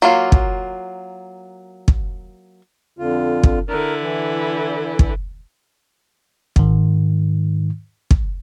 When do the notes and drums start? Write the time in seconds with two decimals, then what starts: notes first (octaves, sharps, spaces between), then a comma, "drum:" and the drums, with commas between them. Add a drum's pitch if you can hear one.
0.02 F#3 A#3 F4
0.32 drum: kick
1.88 drum: kick
2.99 F2 D3 F4
3.43 drum: kick
3.69 D3 E4 A#4
4.02 E3
4.81 E3
4.99 drum: kick
6.56 G#2 D#3, drum: kick
8.11 drum: kick